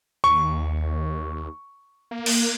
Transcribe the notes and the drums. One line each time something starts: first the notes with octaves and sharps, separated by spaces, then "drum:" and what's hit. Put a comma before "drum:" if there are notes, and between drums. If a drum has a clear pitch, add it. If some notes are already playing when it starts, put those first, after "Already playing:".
D#2 C#6
A#3
drum: cymbal